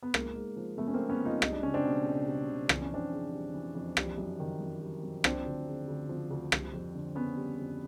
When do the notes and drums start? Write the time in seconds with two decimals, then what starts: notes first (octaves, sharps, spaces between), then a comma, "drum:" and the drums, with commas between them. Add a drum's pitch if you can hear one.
0.03 B3
0.14 G#2 A#3, drum: rim click
0.35 G#2
0.57 F3
0.78 F3 A3 B3
0.88 C#4
0.94 A#3 C4
1.00 G#2
1.09 B3 C#4
1.20 G#2 D#4 F4
1.42 G3 D#4, drum: rim click
1.53 D4
1.63 C#2 C#4
1.74 C4 D4
1.85 B2
2.05 C#2
2.27 G3
2.48 C#2
2.69 E3 D4, drum: rim click
2.81 C#4
2.91 F2 C4 D4
3.12 C#3
3.33 G3
3.54 E3
3.75 F2
3.97 G3, drum: rim click
4.18 F#2
4.40 D#3
4.61 F#2
4.81 G3
5.03 F#2
5.24 F3 C4 D4, drum: rim click
5.46 D2
5.67 C#3
5.88 D2
6.09 F3
6.31 D2
6.52 G3, drum: rim click
6.74 F2
6.95 D3
7.15 F2 B3 C#4
7.37 G3
7.59 F2